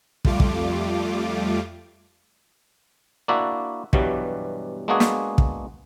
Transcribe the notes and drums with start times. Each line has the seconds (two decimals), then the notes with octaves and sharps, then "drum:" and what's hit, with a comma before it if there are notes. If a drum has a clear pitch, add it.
0.25 F2 G3 A3 F4 D6, drum: kick
0.40 drum: kick
3.28 A#3 D4 E4 F#4 D5 E5
3.93 G2 B2 E3 F#3 G3, drum: kick
4.88 G#3 A#3 B3 D4 F#4 G#4
5.00 drum: snare
5.38 drum: kick